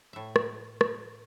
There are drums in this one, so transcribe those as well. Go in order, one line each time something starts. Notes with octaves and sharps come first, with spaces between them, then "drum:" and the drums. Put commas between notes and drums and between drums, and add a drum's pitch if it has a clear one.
A2 E5
drum: rim click
drum: rim click